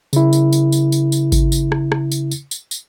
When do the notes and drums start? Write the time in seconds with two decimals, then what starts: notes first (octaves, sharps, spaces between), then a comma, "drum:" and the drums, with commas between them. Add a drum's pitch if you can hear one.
0.13 C#3 E4, drum: tambourine
0.33 drum: tambourine
0.53 drum: tambourine
0.72 drum: tambourine
0.92 drum: tambourine
1.12 drum: tambourine
1.32 drum: kick G#1, tambourine
1.52 drum: tambourine
1.72 drum: rim click
1.92 drum: rim click
2.12 drum: tambourine
2.31 drum: tambourine
2.51 drum: tambourine
2.71 drum: tambourine